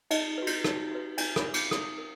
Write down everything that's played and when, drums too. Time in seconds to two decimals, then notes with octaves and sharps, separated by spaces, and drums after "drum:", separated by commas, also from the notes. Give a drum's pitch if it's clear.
0.11 D#4 D#5, drum: cymbal
0.38 F#4 B4
0.47 drum: cymbal
0.64 D#4, drum: rim click
0.91 F#4 B4
1.18 D#4 G#5, drum: cymbal
1.36 B5, drum: rim click
1.45 A#4
1.54 D6, drum: cymbal
1.71 D#4 D#6, drum: rim click
1.98 A#4